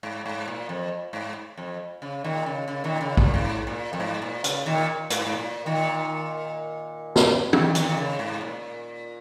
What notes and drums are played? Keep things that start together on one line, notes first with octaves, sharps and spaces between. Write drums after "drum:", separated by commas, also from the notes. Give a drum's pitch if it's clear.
G#2
G#2
A#2
F2
G#2
F2
C#3
A#2 D#3
C#3
C#3
A#2 D#3
C#3
A#2, drum: kick A1
G#2
A#2
F2
G#2
A#2
C#3, drum: hi-hat
A#2 D#3
G#2, drum: hi-hat
G#2
A#2
A#2 D#3
drum: snare
A#2 D#3, drum: tom
A#2 D#3, drum: hi-hat
D#3
C#3
G#2
A#2